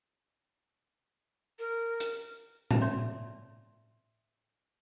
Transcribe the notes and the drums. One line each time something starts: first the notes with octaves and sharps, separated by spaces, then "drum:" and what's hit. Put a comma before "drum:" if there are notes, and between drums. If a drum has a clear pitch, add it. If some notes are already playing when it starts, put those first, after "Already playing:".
A#4
drum: hi-hat
drum: tom A2
C#5 D5 E5 C6